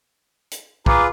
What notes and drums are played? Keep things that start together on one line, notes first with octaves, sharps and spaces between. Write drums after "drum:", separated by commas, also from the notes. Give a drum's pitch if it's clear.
drum: hi-hat
F4 G#4 B4 A#5 D6, drum: kick